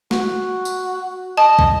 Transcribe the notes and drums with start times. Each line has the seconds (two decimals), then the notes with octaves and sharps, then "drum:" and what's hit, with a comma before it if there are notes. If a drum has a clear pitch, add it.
0.11 F#4, drum: snare
0.65 drum: tambourine
1.38 D#5 A5
1.59 drum: kick